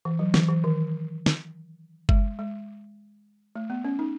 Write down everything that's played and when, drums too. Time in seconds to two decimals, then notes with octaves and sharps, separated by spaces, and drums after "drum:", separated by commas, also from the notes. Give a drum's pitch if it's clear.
0.05 E3
0.19 F#3
0.34 E3, drum: snare
0.49 E3
0.64 D#3
1.26 drum: snare
2.09 G#3, drum: kick G1
2.39 G#3
3.56 A3
3.70 B3
3.84 C#4
3.99 D#4